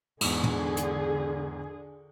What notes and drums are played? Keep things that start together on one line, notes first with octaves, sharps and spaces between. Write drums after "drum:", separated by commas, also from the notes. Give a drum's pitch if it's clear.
E2 G#2 D3 G#4, drum: cymbal
drum: tom
drum: hi-hat